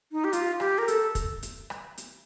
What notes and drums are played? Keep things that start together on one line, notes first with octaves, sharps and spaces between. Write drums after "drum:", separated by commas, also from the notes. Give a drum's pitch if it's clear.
D#4
G4
F4, drum: hi-hat
G4, drum: rim click
A#4
A4, drum: hi-hat
drum: kick, hi-hat
drum: hi-hat
drum: rim click
drum: hi-hat